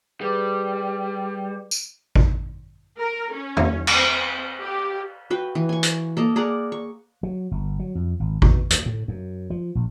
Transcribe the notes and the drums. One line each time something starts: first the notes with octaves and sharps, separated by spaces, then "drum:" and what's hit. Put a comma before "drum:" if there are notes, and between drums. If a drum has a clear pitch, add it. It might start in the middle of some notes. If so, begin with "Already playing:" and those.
G3 G#4 B4 D6
drum: tambourine
drum: kick A1
A#4
C#4
drum: tom
C4, drum: cymbal
G4
F#4 B4 G5
E3
G#5 C#6
drum: hi-hat
A#3 A4 D#5
G#4 A#4 D5 F#5
C#6
F#3
G1
F#3
F2
G#1
B2, drum: kick A1
D2, drum: hi-hat
A2
F#2
F3
A#1